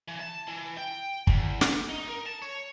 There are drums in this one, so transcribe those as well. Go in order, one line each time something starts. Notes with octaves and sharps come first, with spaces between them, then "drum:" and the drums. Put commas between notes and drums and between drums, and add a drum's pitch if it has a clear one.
E3
A5
E3
G5
E2, drum: kick
drum: snare
D#4
A#4
A5
C#5